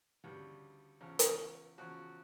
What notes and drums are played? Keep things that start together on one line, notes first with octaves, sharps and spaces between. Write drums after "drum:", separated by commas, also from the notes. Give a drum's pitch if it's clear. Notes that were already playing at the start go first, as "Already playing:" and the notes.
D2 C#3 E3 G3
E2 C#3 F3
drum: hi-hat
E2 C#3 F3 F#4